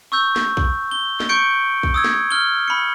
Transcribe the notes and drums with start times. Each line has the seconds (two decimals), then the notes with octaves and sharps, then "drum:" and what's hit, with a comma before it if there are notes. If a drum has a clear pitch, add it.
0.12 C#6 E6 G6
0.36 drum: snare
0.57 drum: kick B1
0.91 G7
1.20 drum: snare
1.29 C#6 G6 C#7 D7
1.83 drum: kick B1
1.94 D#6 E6 G#6
2.04 drum: snare
2.31 F6 G7
2.68 B5 C#7